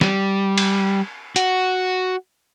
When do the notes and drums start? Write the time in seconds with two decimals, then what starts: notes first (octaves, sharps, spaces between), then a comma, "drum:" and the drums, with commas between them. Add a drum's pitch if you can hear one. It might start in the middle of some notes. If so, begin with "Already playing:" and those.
0.01 G3, drum: snare
0.58 drum: cymbal
1.36 F#4, drum: hi-hat